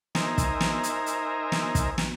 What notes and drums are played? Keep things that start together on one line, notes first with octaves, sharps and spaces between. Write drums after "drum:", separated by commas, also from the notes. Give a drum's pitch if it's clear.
D#4 A#4 C5 E5 G#5 A#5, drum: snare
drum: kick, hi-hat
drum: snare
drum: hi-hat
drum: hi-hat
drum: snare
drum: kick, hi-hat
drum: snare